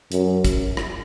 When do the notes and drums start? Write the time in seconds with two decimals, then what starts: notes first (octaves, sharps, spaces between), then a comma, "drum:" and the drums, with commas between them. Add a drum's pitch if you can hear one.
0.12 F#2, drum: hi-hat
0.45 drum: kick, hi-hat
0.77 drum: rim click